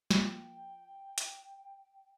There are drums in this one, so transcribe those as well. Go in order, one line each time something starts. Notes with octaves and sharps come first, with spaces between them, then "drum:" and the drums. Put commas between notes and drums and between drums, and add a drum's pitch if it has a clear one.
F3 A#3 F4 G5, drum: snare
drum: hi-hat